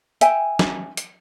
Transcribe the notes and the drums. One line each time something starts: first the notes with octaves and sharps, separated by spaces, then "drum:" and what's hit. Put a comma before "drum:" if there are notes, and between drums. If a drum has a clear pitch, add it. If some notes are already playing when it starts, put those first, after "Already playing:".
E5 G5 G#5, drum: hi-hat
drum: snare
drum: hi-hat